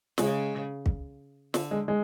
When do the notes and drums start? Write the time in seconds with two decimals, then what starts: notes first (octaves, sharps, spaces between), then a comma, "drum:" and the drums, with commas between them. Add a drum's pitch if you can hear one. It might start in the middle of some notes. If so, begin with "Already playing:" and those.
0.18 C#3 G#3, drum: snare
0.86 drum: kick
1.54 D3, drum: snare
1.71 G#3
1.88 G#3